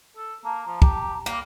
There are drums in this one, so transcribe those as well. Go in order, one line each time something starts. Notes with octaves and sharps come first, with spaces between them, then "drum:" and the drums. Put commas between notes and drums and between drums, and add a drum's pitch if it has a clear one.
A4
A#3 A5 A#5
F3
G4, drum: kick
G3 A#3